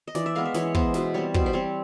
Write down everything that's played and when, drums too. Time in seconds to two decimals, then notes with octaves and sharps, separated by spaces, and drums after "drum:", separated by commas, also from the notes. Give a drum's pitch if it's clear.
0.08 D#5
0.15 E3 D5, drum: snare
0.26 E5
0.35 G#3 B3 F5
0.45 E5
0.54 E3 C#5, drum: snare
0.75 G#3 B3 C5, drum: kick
0.94 B2 B4, drum: snare
1.14 G3 C4 C#5
1.34 B2 C5, drum: kick
1.46 C5
1.53 G3 C4 C#5